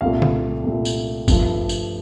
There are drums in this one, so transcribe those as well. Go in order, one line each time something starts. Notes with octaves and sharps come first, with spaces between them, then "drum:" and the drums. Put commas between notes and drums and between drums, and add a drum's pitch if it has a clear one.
C2 A#2 A3 F5
drum: tom C#3
C2 A#2 A3
drum: tambourine
G2 F3 A3, drum: kick, tambourine
drum: tambourine